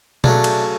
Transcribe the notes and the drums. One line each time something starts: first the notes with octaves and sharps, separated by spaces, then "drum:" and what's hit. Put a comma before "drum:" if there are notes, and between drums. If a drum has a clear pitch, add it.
C#3 F#3 A3 D4, drum: tom B2
drum: cymbal